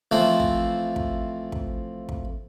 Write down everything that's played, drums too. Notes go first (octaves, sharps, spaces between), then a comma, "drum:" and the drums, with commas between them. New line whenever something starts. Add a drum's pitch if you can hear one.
E3 F3 A3 C4
drum: kick
drum: kick
drum: kick
drum: kick